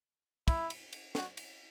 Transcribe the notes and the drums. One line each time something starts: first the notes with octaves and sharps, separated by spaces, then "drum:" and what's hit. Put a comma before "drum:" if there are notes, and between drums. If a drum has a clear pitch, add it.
E4, drum: kick, cymbal
drum: cymbal
drum: cymbal
F#4, drum: snare
drum: cymbal